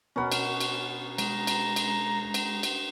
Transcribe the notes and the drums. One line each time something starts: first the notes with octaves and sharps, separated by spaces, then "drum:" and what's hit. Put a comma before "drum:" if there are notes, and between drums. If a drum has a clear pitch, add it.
B2 C#4 A#4 F#5 B5
drum: cymbal
drum: cymbal
G#3 A#5, drum: cymbal
drum: cymbal
drum: cymbal
drum: cymbal
drum: cymbal